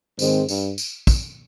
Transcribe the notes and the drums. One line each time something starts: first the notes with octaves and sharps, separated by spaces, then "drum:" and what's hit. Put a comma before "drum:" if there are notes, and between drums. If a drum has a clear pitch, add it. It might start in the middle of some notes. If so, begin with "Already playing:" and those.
G#2 D#3 G#3 C4, drum: tambourine
G2, drum: tambourine
drum: tambourine
drum: kick, tambourine